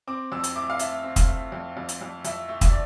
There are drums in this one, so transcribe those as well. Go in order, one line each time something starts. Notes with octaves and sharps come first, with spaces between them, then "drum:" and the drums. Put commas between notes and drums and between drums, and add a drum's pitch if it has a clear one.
C4 D6
F2 E6
drum: hi-hat
A3 D6
F5
A3 E5, drum: hi-hat
C4
drum: kick, hi-hat
A3
F2
F2
drum: hi-hat
F2
F2 E5, drum: hi-hat
A3
E5, drum: kick, hi-hat
D5